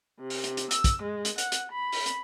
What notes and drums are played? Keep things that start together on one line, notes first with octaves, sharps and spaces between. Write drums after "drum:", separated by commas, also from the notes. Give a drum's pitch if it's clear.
C3
drum: open hi-hat
drum: hi-hat
drum: hi-hat
E6, drum: hi-hat
drum: kick, hi-hat
G#3
drum: hi-hat
F#5, drum: hi-hat
drum: hi-hat
B5
drum: open hi-hat
drum: hi-hat